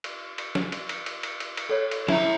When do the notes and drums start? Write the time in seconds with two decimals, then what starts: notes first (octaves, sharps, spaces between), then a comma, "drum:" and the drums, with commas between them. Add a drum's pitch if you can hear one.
0.04 drum: cymbal
0.38 drum: cymbal
0.55 drum: snare
0.72 drum: cymbal
0.89 drum: cymbal
1.06 drum: cymbal
1.23 drum: cymbal
1.40 drum: cymbal
1.57 drum: cymbal
1.69 A4 C#5
1.91 drum: cymbal
2.08 E4 E5 A#5, drum: snare